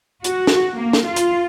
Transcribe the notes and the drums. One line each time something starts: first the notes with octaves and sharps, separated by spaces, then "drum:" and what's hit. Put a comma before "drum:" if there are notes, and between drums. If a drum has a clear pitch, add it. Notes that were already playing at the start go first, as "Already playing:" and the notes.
F#4, drum: hi-hat
drum: snare
A#3
drum: snare
F4
drum: hi-hat